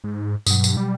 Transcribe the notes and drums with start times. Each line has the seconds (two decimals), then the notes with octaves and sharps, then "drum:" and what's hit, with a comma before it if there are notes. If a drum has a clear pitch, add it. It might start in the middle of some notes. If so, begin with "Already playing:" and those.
0.04 G#2
0.47 G2 B2 F#3, drum: tambourine
0.64 drum: tambourine
0.77 G3